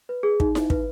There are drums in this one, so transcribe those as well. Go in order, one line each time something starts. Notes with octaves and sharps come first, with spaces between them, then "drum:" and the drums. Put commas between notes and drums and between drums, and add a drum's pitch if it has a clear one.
B4
G#4
D#4, drum: kick
D#4, drum: snare E4
B4, drum: kick